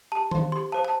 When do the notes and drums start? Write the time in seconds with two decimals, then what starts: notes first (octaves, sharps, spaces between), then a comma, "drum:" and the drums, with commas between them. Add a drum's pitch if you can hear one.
0.12 G4 A5
0.31 C5 F5 C6, drum: tom D#3
0.52 G4 C6
0.72 C5 F5 A5
0.85 A5